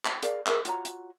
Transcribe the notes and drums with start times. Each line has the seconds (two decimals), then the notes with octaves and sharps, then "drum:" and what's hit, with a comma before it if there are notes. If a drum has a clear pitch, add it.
0.05 drum: clap
0.23 G#4 A#4 D5 F5, drum: hi-hat
0.46 G#4 A#4 D#5 E5, drum: clap
0.65 F4 F#4 C#5 A#5, drum: hi-hat
0.85 drum: hi-hat